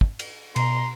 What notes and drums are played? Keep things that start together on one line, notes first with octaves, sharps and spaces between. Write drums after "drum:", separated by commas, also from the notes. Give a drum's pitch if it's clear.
drum: kick
drum: cymbal
B2 A#5 C6, drum: cymbal